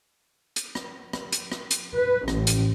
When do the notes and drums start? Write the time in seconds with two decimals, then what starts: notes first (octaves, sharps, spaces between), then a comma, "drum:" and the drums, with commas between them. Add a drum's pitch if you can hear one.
0.56 drum: hi-hat
0.75 drum: rim click
1.13 drum: rim click
1.32 drum: hi-hat
1.52 drum: rim click
1.71 drum: hi-hat
1.96 B4
2.28 A1, drum: rim click
2.47 drum: hi-hat